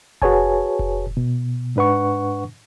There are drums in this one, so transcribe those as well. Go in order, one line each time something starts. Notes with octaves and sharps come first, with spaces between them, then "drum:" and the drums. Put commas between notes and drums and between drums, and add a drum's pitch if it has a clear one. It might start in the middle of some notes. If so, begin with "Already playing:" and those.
F#4 G#4 B4 C#5 G#5 A5, drum: kick F1
drum: kick F1
B2
G#2 D4 B4 F#5 C#6